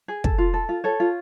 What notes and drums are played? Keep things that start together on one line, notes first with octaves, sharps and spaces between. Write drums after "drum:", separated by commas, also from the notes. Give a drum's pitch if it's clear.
G#4
A4, drum: kick
F4
A4
F4
A4 C#5
F4